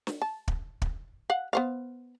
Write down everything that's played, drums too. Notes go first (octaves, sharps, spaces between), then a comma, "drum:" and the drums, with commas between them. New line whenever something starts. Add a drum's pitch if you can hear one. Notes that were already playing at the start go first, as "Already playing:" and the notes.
drum: snare
A5
drum: kick
drum: kick
F5 F#5
B3 C5 F5